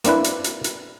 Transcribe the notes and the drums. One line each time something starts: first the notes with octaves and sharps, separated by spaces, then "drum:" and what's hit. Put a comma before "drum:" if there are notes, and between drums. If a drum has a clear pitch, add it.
A#3 C4 D4 E4 B4, drum: hi-hat
drum: hi-hat
drum: hi-hat
drum: hi-hat